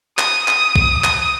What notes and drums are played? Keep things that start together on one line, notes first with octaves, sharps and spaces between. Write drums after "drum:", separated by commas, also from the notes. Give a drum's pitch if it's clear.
D#6, drum: clap
D#6, drum: clap
drum: kick
D#6, drum: clap